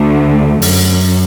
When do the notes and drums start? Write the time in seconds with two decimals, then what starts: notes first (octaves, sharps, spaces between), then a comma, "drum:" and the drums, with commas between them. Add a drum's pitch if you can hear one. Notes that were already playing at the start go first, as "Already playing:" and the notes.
Already playing: D2 D3 A3
0.62 F#2, drum: open hi-hat